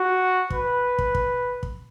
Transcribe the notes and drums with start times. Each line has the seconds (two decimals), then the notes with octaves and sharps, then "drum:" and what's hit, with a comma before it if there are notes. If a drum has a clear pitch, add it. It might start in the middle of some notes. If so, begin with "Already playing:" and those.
Already playing: F#4
0.50 B4, drum: kick
0.99 drum: kick
1.15 drum: kick
1.63 drum: kick